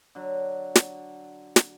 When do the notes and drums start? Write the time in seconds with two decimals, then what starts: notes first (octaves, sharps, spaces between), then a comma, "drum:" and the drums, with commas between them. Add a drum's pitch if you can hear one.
0.15 D3 F#3
0.75 drum: snare
1.56 drum: snare